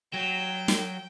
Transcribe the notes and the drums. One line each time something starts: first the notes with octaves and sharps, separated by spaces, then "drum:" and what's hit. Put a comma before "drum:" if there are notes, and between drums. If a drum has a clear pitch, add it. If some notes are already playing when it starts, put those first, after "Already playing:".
F#3 G5
drum: snare